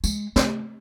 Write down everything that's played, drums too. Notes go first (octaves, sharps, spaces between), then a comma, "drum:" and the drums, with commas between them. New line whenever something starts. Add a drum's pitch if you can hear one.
G#3, drum: tambourine
A3, drum: snare